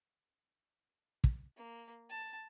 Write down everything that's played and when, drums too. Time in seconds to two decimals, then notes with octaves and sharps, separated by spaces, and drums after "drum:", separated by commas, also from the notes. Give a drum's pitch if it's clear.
1.24 drum: kick
1.57 A#3
2.10 A5